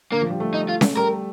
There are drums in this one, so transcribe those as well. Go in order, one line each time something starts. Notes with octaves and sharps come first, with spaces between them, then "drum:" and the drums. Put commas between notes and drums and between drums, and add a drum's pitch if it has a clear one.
D3 A#3
F3
G3
A3
D#4
F4
drum: snare C#4
G3 A#4